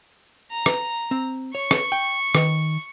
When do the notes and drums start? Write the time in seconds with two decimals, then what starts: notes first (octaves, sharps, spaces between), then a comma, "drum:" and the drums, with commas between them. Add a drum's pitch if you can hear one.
0.51 A#5
0.66 drum: rim click
1.11 C4
1.55 C#5 C#6
1.71 drum: rim click
1.92 G5
2.35 D#3, drum: rim click